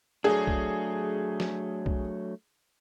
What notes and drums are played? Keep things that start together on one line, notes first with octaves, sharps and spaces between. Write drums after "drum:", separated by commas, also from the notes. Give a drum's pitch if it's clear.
F#3 A3 D4 G#4
drum: kick B1
drum: snare
drum: kick B1